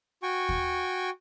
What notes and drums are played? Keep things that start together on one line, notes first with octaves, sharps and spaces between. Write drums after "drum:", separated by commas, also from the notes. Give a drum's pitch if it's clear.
F#4 G5 G#5 C#6
drum: kick D#2